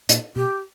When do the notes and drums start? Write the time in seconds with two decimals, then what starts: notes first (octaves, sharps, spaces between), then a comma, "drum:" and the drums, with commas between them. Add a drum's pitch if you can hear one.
0.09 A#2, drum: hi-hat
0.36 B2 G4